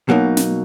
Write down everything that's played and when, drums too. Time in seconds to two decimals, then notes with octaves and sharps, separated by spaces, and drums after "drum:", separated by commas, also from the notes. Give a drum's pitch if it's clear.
0.09 B2 F#3 A#3 D#4
0.37 drum: snare